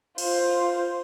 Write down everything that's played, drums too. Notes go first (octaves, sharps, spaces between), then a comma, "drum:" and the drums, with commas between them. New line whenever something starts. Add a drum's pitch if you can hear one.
F4 C5, drum: cymbal